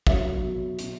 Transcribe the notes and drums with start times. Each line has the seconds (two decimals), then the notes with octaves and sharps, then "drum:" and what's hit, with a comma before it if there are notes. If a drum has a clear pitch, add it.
0.07 F#3 C#5 E5, drum: kick
0.43 B2
0.79 B2, drum: hi-hat